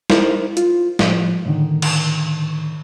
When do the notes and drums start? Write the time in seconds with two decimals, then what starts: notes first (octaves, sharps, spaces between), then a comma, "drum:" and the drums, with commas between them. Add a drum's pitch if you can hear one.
0.10 D#4 E4 A#4 C5, drum: snare
0.57 F4, drum: hi-hat
0.99 A2 F3, drum: snare
1.46 A2 D3 D#3
1.82 drum: cymbal